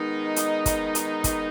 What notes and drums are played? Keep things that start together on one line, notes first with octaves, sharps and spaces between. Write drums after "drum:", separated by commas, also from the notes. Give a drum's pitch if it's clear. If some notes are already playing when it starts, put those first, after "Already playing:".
Already playing: D#3 G#3 B3 D#4
D#5, drum: hi-hat
drum: kick, hi-hat
drum: hi-hat
drum: kick, hi-hat